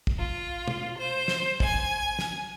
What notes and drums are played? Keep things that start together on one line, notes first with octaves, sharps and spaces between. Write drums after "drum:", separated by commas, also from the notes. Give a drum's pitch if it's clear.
drum: kick
F4
drum: tom
C5
drum: snare
G#5, drum: kick
drum: snare